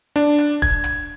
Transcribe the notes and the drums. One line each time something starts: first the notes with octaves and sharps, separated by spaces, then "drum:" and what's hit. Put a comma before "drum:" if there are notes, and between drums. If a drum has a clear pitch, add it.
D4, drum: hi-hat
drum: hi-hat
G#6, drum: kick
drum: hi-hat